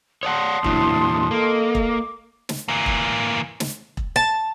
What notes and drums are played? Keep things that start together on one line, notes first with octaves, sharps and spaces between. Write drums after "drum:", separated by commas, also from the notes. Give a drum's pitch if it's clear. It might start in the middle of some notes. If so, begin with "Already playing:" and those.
C#5 D5 F#5 A5 C6 D#6
E2 A#2 F#3 D4 E4, drum: kick E1
A#3 A4 D#5
drum: kick E1
D6
drum: snare
E3 A#3
drum: kick E1
drum: snare
drum: kick E1
A5